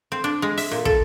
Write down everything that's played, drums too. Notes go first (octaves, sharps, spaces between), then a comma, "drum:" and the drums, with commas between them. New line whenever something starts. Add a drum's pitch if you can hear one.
C4
D4
G#3
E5, drum: open hi-hat
A#2
A4, drum: kick